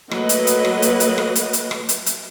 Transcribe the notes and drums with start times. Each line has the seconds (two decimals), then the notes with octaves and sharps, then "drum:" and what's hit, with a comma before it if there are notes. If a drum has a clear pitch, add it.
0.11 F#3 A3 A#3 B4 D#5, drum: rim click
0.29 drum: hi-hat
0.47 drum: hi-hat
0.65 drum: rim click
0.82 drum: hi-hat
1.00 drum: hi-hat
1.18 drum: rim click
1.35 drum: hi-hat
1.53 drum: hi-hat
1.71 drum: rim click
1.89 drum: hi-hat
2.06 drum: hi-hat